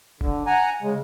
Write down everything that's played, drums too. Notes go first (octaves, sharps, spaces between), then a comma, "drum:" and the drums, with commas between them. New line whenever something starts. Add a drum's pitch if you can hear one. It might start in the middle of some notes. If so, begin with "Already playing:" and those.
D3, drum: kick E1
F#5 G#5 A#5
C#3 G#3